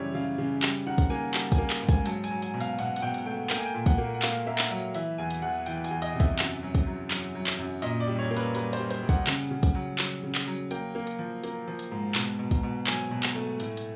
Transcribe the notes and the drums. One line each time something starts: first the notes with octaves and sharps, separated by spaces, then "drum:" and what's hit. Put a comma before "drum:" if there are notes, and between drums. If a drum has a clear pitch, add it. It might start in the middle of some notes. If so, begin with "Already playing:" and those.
Already playing: F#2 C#3 E3 G3 C#5 D5 E5
C#3 F5
C#3
G3, drum: clap
D#3 F#5
drum: kick, hi-hat
A#3 G#5
G3 A5, drum: clap
G#5, drum: kick, hi-hat
A#3
drum: clap
G#2
G#5, drum: kick, hi-hat
F#3 A5, drum: hi-hat
G#5, drum: hi-hat
F#3
G#5, drum: hi-hat
B2
F5, drum: hi-hat
B2 F#5, drum: hi-hat
F#5, drum: hi-hat
B2 G5
drum: hi-hat
A3 G5
A#3 G5, drum: clap
G#5
G5
A#2
F#5, drum: kick, hi-hat
A#3
F#5
A#3 F5, drum: clap
A#3 E5
drum: clap
F#3 E5
E3 E5, drum: hi-hat
E2 G#5
drum: hi-hat
E2 F#5
E3 G5, drum: hi-hat
G#5, drum: hi-hat
E2
D#5, drum: hi-hat
C3
E5, drum: kick, hi-hat
F#2, drum: clap
F#3
drum: kick, hi-hat
F#3
F#3, drum: clap
F#3
drum: clap
F#2
A#2 D#5, drum: hi-hat
D5
G3
C#5
A#3
B4, drum: hi-hat
G3 B4, drum: hi-hat
C5, drum: hi-hat
G3
C5, drum: hi-hat
G3
F#5, drum: kick, hi-hat
C#3, drum: clap
C#3
drum: kick, hi-hat
F#3
F#3, drum: clap
C#3
drum: clap
F#3
A#3 G5, drum: hi-hat
A#3
drum: hi-hat
F3
A#3, drum: hi-hat
F3
drum: hi-hat
G#2
B2, drum: clap
B2
drum: kick, hi-hat
B2
F#3 G#5, drum: clap
B2
drum: clap
A3
A2, drum: hi-hat
drum: hi-hat